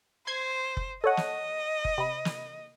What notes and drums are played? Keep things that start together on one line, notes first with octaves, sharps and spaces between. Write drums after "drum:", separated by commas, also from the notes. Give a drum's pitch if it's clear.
C5 C6 G#6 C7
drum: kick F#1
A4 C#5 D#5 F#5
drum: snare
drum: kick F#1
C3 B5
drum: snare